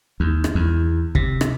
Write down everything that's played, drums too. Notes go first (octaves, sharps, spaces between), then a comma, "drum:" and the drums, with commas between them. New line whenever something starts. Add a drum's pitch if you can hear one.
D#2
drum: rim click
E2
C3, drum: kick
drum: rim click